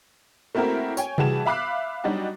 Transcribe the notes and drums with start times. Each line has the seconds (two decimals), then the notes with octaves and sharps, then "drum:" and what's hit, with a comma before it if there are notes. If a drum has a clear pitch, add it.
0.55 A3 A#3 C4 E4 F#4 A#4
0.97 C#5 G5 G#5, drum: tambourine
1.18 E3 G3 F#4 G#4 A5 E7, drum: tom C3
1.46 E5 F5 B5 D6 F#6 C7
2.04 F#3 G3 D4 D#4 F#4